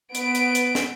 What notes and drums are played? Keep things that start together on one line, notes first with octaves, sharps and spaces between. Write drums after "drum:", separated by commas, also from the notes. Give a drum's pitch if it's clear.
B3 D7, drum: hi-hat
drum: hi-hat
drum: hi-hat
drum: snare